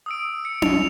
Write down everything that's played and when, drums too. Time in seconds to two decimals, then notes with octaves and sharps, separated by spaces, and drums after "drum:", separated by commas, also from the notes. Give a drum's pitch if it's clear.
0.06 D#6 E6 D7
0.45 C#7 D7
0.62 F7, drum: tom C#4